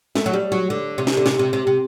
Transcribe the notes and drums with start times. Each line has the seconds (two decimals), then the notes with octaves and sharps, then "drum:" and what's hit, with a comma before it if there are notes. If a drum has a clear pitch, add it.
0.15 A3, drum: snare
0.26 F#3
0.33 G3
0.52 F#3
0.70 D3
0.98 C3
1.07 drum: snare
1.17 D3
1.26 C3, drum: snare
1.39 C3
1.53 C3
1.67 C3